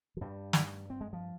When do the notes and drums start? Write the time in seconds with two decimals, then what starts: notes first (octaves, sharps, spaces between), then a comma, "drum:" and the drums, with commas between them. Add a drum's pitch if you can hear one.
0.17 F3
0.21 G2 G3
0.53 drum: snare
0.90 C4
1.01 G#3
1.13 F3